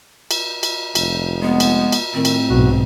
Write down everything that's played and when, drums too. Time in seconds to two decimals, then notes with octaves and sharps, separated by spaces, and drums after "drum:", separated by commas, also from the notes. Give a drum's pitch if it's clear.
0.31 drum: cymbal
0.63 drum: cymbal
0.95 F1, drum: cymbal
1.42 G#3 B3
1.60 drum: cymbal
1.92 drum: cymbal
2.14 A2 D#3 C4
2.25 drum: cymbal
2.50 B1 G#2 F#4